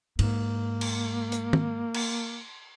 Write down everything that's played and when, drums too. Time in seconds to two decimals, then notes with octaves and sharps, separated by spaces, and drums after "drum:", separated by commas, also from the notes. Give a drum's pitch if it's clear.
0.19 G#2 A#3, drum: cymbal
0.81 drum: cymbal
1.32 drum: hi-hat
1.53 drum: tom
1.94 drum: cymbal